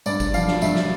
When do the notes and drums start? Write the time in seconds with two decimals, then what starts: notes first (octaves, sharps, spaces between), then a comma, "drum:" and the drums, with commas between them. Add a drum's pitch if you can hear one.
0.06 G2 D5, drum: tambourine
0.20 drum: kick G1, tambourine
0.34 F3 F5, drum: tambourine
0.48 drum: snare
0.62 G2 E5, drum: tambourine
0.76 drum: snare